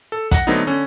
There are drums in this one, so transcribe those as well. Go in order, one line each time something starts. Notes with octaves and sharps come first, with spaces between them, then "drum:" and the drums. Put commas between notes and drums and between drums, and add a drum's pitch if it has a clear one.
A4
F#5 A#6, drum: kick, hi-hat
D3 F#3 A3 B3 C4 D#4
D3 C#4